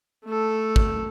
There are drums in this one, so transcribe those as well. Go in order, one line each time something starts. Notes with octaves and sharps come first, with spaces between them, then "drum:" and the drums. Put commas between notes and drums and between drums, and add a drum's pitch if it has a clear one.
A3 A4
drum: kick